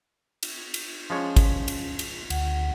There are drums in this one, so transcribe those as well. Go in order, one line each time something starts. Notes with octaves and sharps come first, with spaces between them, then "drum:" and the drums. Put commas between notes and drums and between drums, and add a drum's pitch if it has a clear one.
drum: cymbal
drum: cymbal
F3 G#3 C#4 C#5
drum: kick, cymbal
drum: cymbal
drum: cymbal
D2 F#5, drum: cymbal